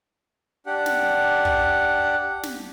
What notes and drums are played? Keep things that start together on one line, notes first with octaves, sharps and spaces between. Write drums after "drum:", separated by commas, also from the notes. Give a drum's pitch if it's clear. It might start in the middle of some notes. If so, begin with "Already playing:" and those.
D4 G4 F#5
drum: snare
drum: kick
drum: snare